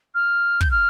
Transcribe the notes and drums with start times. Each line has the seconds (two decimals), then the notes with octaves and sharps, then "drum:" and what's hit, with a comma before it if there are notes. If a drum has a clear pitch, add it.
0.14 F6
0.61 G6, drum: kick
0.71 F6